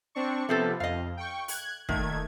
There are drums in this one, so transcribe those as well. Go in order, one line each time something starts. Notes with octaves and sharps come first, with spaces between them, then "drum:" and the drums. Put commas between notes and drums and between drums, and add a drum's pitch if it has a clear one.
C4 D4 C#6
C3 F3 A3 B3 C4 A4
F2 D#5 F5
G5 C#6
F#6 G#6, drum: open hi-hat
A#2 D#3 A3 G#6, drum: kick